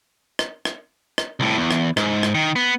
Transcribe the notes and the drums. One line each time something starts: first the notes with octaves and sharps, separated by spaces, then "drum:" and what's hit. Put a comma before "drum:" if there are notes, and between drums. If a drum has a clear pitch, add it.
drum: rim click
drum: rim click
drum: rim click
C2 A2
E2
drum: rim click
G#2, drum: rim click
drum: rim click
D#3
B3